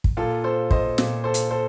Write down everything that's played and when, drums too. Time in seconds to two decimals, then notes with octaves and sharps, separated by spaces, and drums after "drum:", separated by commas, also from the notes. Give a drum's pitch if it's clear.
0.04 drum: kick
0.17 A#2 F4 A4
0.44 A4 C5
0.71 C5 D#5, drum: kick
0.98 A#2, drum: snare
1.24 A4 C5
1.34 drum: hi-hat
1.51 A4 C5